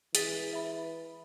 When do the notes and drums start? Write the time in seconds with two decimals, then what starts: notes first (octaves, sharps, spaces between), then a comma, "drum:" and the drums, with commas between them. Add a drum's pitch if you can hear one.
0.15 E3 G#4 A6 B6, drum: hi-hat
0.51 B4 E5 B5